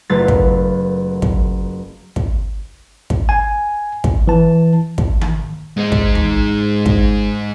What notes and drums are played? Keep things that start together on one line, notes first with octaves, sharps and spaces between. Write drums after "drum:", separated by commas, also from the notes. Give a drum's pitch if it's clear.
F#1 A3 F4 A#4 B4 A6
drum: kick
drum: kick
drum: kick
drum: kick
G#5
drum: kick
E3 A5
drum: kick
drum: tom D#3
G#3 D#4
drum: kick
drum: tom
drum: kick